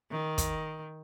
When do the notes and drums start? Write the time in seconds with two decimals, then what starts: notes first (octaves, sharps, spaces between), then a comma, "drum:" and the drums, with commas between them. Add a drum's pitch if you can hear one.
0.11 D#3
0.38 drum: kick, hi-hat